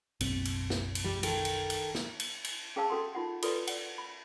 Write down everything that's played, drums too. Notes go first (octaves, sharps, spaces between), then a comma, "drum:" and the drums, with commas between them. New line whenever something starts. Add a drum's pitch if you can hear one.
F#1 B1 C4, drum: cymbal
drum: cymbal
drum: snare
drum: cymbal
G3
D#3 A4, drum: cymbal
drum: cymbal
drum: cymbal
drum: snare
drum: cymbal
drum: cymbal
C#4 G#4 C#5 F5 A5 E6
C#4 F#4 A4 F#5 C6
D#4 F4 F#5
F4 F#4 A4 B4 C#5 D5, drum: cymbal
D5 F#5, drum: cymbal
B5